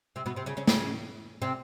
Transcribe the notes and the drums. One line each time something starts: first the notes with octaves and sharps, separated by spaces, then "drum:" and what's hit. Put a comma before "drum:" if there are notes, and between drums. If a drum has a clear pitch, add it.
C3 C4
B2 B3
C3 C4
C#3 C#4
C#3 C#4
C#3 C#4, drum: snare
C3 C4